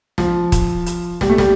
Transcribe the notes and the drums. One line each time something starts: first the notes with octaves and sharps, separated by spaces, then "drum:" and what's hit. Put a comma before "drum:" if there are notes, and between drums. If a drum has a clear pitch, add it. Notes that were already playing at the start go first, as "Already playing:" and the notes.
F3, drum: snare
drum: kick, hi-hat
drum: hi-hat
G3, drum: snare
A3
G3, drum: snare